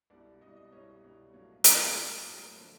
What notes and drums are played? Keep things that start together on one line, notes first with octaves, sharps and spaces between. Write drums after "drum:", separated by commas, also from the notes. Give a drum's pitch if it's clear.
C2 B2 G3 D5
C2 B2 G3 D#5
D#5
C2 B2 G3 C#5
C2 B2 G3
A2 F#3 A#3 C#5
A2 F#3 A#3 C5, drum: hi-hat
A2 F#3 A#3 A#4
A2 F#3 A#3 A#4
B4
D3 F3 A#3 C5